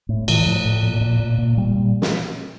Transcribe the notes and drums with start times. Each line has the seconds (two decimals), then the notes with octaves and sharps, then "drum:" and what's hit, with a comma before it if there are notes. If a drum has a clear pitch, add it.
0.09 A2
0.28 A2 E3, drum: cymbal
0.46 A2 F3
0.65 A2
0.83 A#2
1.01 A#2
1.20 A#2
1.38 A#2
1.57 A#2 G3
1.75 A#2
2.02 drum: snare